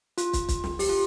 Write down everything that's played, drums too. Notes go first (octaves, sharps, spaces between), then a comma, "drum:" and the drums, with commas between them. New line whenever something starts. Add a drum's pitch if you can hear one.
F4, drum: hi-hat
drum: kick, hi-hat
drum: kick, hi-hat
drum: snare
G4, drum: open hi-hat
F4